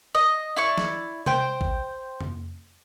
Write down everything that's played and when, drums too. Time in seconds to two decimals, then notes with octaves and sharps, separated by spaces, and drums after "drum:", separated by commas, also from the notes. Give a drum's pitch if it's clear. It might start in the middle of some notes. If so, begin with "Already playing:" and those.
0.15 D#5
0.56 E4 D5 C#6
0.78 drum: snare
1.26 C5 G5, drum: tom C3
1.61 drum: kick A1
2.21 drum: tom F2